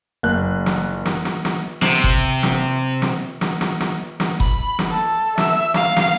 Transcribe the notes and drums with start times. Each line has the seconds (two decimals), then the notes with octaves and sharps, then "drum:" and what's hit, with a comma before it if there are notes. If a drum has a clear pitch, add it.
0.23 F#1 F#6
0.66 drum: snare
1.06 drum: snare
1.25 drum: snare
1.45 drum: snare
1.82 C3, drum: snare
2.04 drum: kick F#1
2.43 drum: snare
3.02 drum: snare
3.41 drum: snare
3.61 drum: snare
3.80 drum: snare
4.20 drum: snare
4.40 B5, drum: kick F#1
4.79 drum: snare
4.91 A4
5.38 E5, drum: snare
5.74 F5, drum: snare
5.97 drum: snare